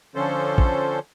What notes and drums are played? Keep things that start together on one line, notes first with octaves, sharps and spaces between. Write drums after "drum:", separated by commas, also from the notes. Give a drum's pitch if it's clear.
D3 F3 C#4 A4 C5
drum: kick